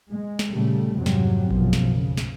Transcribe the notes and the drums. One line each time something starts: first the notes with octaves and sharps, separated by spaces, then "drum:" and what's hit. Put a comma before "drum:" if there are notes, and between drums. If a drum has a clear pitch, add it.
G#3
drum: snare
A#2 C#3 G3 A3
G#1 F2 C3 F#3 G3 C4
drum: snare
B1 F#2 A#2 F3, drum: kick A1
drum: snare
C#3
drum: snare